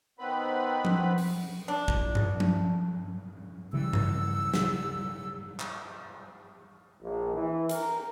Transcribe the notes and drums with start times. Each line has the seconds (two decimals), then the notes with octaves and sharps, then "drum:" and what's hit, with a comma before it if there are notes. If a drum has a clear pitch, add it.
0.19 D#3 B3 C4 B4 B5
0.85 drum: tom F3
1.18 drum: open hi-hat
1.68 D4
1.88 drum: kick
2.15 drum: tom G2
2.40 drum: tom F3
3.73 C#3 E3 G3 E6
3.93 drum: tom G2
4.54 drum: snare
5.60 drum: clap
7.01 A#1
7.34 E3
7.69 A#4, drum: hi-hat